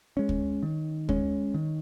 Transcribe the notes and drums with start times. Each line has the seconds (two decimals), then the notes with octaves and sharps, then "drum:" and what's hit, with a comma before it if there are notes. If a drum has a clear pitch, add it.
0.17 G#3 C#4
0.29 drum: kick
0.63 D#3
1.09 G#3 C#4, drum: kick
1.54 D#3